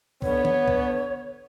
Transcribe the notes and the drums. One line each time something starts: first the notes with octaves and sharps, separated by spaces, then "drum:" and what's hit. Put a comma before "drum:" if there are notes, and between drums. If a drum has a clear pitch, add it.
D3 B3 C#5, drum: kick
drum: tom D#3
drum: kick